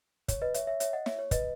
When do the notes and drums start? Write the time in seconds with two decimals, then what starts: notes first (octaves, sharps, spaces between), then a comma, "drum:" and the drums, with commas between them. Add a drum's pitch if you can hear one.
0.28 C#5, drum: kick, hi-hat
0.42 B4 D#5
0.54 C#5 E5, drum: hi-hat
0.67 C#5 E5
0.80 C#5 E5, drum: hi-hat
0.93 D#5 F#5
1.06 C#5 E5, drum: snare
1.19 C#5
1.31 B4 D#5, drum: kick, hi-hat